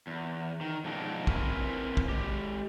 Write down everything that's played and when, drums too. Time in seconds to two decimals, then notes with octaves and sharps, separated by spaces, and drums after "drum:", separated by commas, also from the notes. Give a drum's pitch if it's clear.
0.07 E2
0.61 D#3
0.84 G#2 B2 F3 F#3 D4 D#4
1.27 C4 E4 A#4 B4 C#5 G#5, drum: kick
1.97 drum: kick
2.09 G#3 G4